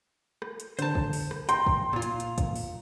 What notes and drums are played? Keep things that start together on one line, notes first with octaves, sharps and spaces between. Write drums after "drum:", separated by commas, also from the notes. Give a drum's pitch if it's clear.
drum: rim click
drum: hi-hat
D3 C5 A5, drum: hi-hat
drum: kick
drum: open hi-hat
drum: rim click
G5 A#5 C6, drum: hi-hat
drum: kick
A#2 F4
drum: hi-hat
drum: hi-hat
drum: kick, hi-hat
drum: open hi-hat